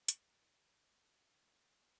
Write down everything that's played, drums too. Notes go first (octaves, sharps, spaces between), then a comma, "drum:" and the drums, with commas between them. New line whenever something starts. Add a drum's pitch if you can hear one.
A4 A#5, drum: hi-hat